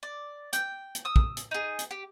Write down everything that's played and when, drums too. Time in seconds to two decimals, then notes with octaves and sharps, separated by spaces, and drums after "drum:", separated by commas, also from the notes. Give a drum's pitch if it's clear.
0.03 D5
0.53 G5, drum: hi-hat
0.95 drum: hi-hat
1.05 D#6 E6
1.16 drum: kick
1.37 drum: hi-hat
1.51 D#4 G#4
1.79 drum: hi-hat
1.91 G4